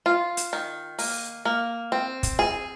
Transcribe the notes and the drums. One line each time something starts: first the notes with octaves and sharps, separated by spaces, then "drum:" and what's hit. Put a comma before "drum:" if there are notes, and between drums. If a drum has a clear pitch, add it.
F4
drum: hi-hat
D#3
A#3, drum: open hi-hat
A#3
C4
drum: kick, hi-hat
G#4